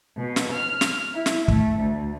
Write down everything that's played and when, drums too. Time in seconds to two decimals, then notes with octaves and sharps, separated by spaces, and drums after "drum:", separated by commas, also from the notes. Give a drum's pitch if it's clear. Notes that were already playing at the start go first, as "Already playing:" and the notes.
0.16 B2
0.36 drum: snare
0.53 F6
0.81 drum: snare
1.13 E4
1.26 drum: snare
1.48 A3, drum: kick
1.80 D2